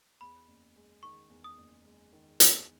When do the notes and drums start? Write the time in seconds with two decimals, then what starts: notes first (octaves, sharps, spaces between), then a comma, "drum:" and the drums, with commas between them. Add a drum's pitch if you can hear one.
0.21 E2 B5
0.48 F#1
0.76 G#3
1.03 D#3 C#6
1.30 E2
1.44 D#6
1.58 F#1
1.85 G#3
2.13 D#3
2.40 E2, drum: hi-hat